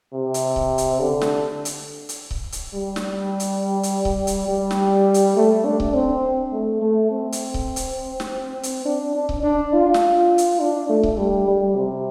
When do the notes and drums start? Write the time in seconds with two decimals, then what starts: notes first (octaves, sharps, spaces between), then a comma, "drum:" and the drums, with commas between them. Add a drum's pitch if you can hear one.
0.13 C3
0.34 drum: hi-hat
0.56 drum: kick C#1
0.78 drum: hi-hat
1.00 D3
1.21 drum: snare
1.65 drum: hi-hat
2.09 drum: hi-hat
2.31 drum: kick C#1
2.52 drum: hi-hat
2.74 G3
2.96 drum: snare
3.40 drum: hi-hat
3.83 drum: hi-hat
4.05 drum: kick C#1
4.27 drum: hi-hat
4.48 G3
4.71 drum: snare
5.14 drum: hi-hat
5.36 A3
5.65 D4
5.80 drum: kick C#1
5.94 C4
6.52 A3
6.81 A3
7.11 C4
7.32 drum: hi-hat
7.54 drum: kick C#1
7.76 drum: hi-hat
8.20 drum: snare
8.63 drum: hi-hat
8.85 D4
9.15 D4
9.29 drum: kick C#1
9.43 D4
9.73 F4
9.94 drum: snare
10.38 drum: hi-hat
10.60 D4
10.89 A3
11.03 drum: kick C#1
11.17 G3
11.47 G3
11.76 C3